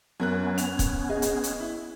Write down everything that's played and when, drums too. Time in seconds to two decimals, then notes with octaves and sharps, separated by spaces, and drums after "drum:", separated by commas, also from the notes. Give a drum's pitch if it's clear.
0.20 F#2 B3 C#4 A#4 F#6
0.58 F7, drum: hi-hat
0.79 drum: kick, hi-hat
1.09 G#4 D#5
1.22 drum: hi-hat
1.44 drum: hi-hat
1.60 E4